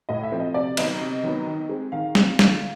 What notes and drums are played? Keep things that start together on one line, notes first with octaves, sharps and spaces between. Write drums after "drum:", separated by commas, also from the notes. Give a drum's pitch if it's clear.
A2 D#5
E5
F3 A3 C4
D#5
C3 D5
D#3 F#3 B3 D#5, drum: cymbal
C3
D#3 F#3 B3
D#3
G#3 C4
D#3 F5
G#3 C4, drum: snare
D3, drum: snare